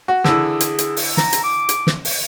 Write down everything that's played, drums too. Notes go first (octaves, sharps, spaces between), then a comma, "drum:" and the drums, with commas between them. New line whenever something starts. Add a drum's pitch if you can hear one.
F#4
D3 E3 G#4, drum: snare
drum: hi-hat
drum: hi-hat
drum: open hi-hat
A#5, drum: snare
drum: hi-hat
D6
drum: hi-hat
drum: snare
drum: open hi-hat